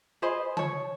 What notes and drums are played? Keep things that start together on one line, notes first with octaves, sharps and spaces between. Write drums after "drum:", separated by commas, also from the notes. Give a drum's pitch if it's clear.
G#4 B4 C5 D#5
C#5 A5, drum: tom